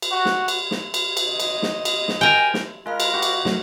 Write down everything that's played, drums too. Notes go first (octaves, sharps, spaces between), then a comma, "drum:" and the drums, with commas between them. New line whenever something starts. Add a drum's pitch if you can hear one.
drum: cymbal
F#4
drum: snare
drum: cymbal
drum: snare
drum: cymbal
drum: cymbal
D#5
drum: cymbal
drum: snare
drum: cymbal
drum: snare
A#4 G5 G#5
drum: snare
G#3 F4 A#4 F5 B5
drum: cymbal
F#4 G4
drum: cymbal
F#3 A3 A#4, drum: snare